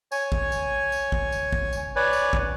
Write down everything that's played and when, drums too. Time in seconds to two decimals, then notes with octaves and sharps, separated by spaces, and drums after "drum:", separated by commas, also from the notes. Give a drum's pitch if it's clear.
0.12 C#5 G#5, drum: tambourine
0.32 drum: kick
0.52 drum: tambourine
0.92 drum: tambourine
1.12 drum: kick
1.32 drum: tambourine
1.53 drum: kick
1.73 drum: tambourine
1.96 B4 C#5 D5 G#5
2.13 drum: tambourine
2.33 drum: kick